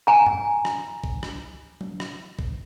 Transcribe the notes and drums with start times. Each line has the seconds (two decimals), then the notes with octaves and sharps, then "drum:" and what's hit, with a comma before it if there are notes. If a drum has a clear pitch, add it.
0.07 G#5 A#5
0.26 drum: tom F#2
0.65 drum: rim click
1.04 drum: kick A#1
1.23 drum: rim click
1.81 drum: tom F#3
2.00 drum: rim click
2.39 drum: kick A#1